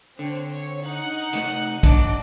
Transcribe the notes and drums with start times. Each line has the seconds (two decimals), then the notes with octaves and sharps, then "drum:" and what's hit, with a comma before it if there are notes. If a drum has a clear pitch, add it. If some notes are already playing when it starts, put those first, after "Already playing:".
0.19 D3 C4 C#5
0.52 C#5
0.82 D#4 F#5
1.33 C3 A3, drum: hi-hat
1.83 D4 D5 D#5, drum: kick, hi-hat